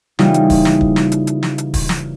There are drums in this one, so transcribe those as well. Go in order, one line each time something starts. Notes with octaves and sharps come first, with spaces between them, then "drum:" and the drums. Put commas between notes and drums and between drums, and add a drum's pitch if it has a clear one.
C#3 E3 G3 A#3 D#4 F4, drum: snare
drum: hi-hat
drum: kick, open hi-hat
drum: snare
drum: kick
drum: snare
drum: hi-hat
drum: hi-hat
drum: snare
drum: hi-hat
drum: kick, open hi-hat
drum: snare